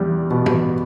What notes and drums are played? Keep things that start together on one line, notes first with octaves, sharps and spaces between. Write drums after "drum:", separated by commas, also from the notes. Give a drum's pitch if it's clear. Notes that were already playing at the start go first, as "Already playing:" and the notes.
Already playing: E2 G3
B2
drum: tom